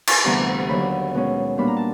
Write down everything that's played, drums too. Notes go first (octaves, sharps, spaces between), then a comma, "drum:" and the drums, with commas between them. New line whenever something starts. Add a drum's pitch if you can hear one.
drum: cymbal
D2 C3 E3 G3 B3 A#5
D#2 D3 F#3 B3 D4 B5
B2 G#3 C#4
A#2 G3 B3 D4 B5
A#5
A5